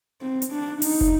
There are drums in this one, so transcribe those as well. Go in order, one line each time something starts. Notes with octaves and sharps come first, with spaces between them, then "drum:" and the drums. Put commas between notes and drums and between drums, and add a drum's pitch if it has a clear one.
C4
drum: hi-hat
D4
D#4, drum: open hi-hat
drum: kick